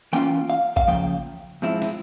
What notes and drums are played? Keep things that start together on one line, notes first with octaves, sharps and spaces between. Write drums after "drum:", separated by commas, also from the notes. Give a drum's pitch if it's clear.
E3 A#3 C#4 F4 G5
F5
F5, drum: kick A1
C#3 F3 A#3 G5
G#2 F3 C4 E4
drum: snare